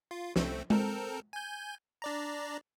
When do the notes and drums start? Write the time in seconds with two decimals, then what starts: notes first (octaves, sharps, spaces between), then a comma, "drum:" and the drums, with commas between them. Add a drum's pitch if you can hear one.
0.11 F4
0.36 C2 A3 C4, drum: snare
0.70 C4 A4 A#4, drum: tom G#3
1.33 G#5 G6
2.02 D4 D5 A#5